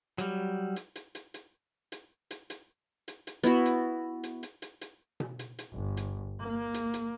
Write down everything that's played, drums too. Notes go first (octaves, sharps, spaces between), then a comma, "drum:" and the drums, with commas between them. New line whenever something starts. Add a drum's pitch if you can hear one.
F#3 G3, drum: hi-hat
drum: hi-hat
drum: hi-hat
drum: hi-hat
drum: hi-hat
drum: hi-hat
drum: hi-hat
drum: hi-hat
drum: hi-hat
drum: hi-hat
B3 E4 F#4, drum: hi-hat
drum: hi-hat
drum: hi-hat
drum: hi-hat
drum: hi-hat
drum: hi-hat
drum: tom B2
drum: hi-hat
drum: hi-hat
G1
drum: hi-hat
A#3
drum: hi-hat
drum: hi-hat